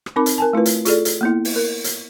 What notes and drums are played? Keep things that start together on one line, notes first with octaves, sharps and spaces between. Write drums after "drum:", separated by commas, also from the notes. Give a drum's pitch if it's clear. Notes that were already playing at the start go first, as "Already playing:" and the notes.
drum: rim click
C4 D#4 A#4 B5 D6
drum: hi-hat
A#4 G#5 A5
A3 E4 F4 B4
drum: hi-hat
F4 G#4 A4 D5, drum: hi-hat
drum: hi-hat
A#3 B3 E4
drum: open hi-hat
A#4
drum: hi-hat